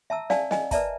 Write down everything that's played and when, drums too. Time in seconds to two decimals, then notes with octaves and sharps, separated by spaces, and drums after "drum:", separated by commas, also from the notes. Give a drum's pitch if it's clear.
0.10 E5 A5 A#5 E6
0.30 D5 F5 G#5 A5, drum: snare
0.51 D#5 G#5, drum: snare
0.71 A#4 B4 D5 E5 A5 A#5, drum: kick, hi-hat